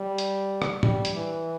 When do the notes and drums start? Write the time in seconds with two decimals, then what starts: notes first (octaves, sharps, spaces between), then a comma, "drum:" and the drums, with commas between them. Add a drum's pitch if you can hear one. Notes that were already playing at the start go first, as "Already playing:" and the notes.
Already playing: G3
0.18 drum: hi-hat
0.62 drum: rim click
0.83 G3, drum: tom
1.05 drum: hi-hat
1.16 E3